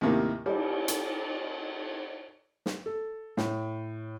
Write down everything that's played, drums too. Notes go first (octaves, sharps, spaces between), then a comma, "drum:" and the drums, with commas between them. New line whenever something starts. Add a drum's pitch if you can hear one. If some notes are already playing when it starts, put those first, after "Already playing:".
D#2 A2 C3 D#3 A#3
G3, drum: cymbal
drum: hi-hat
drum: snare
A4
A2, drum: snare